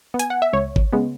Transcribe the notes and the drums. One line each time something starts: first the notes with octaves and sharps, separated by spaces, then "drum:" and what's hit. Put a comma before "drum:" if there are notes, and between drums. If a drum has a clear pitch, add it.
B3
G#5, drum: hi-hat
F#5
E5
C#2 C#5
drum: kick G#1
C#3 G#3 B3